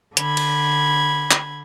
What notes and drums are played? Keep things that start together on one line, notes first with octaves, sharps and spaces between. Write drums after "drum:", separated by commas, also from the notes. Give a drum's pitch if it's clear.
D3 B5 G#6, drum: hi-hat
drum: cymbal
drum: clap